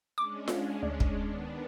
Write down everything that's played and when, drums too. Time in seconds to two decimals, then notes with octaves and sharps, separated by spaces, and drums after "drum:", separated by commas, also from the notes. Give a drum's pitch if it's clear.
0.18 G#3 C#4 D4 D6
0.48 drum: snare F4
0.83 D2
1.00 drum: kick
1.27 D#3 B3 D4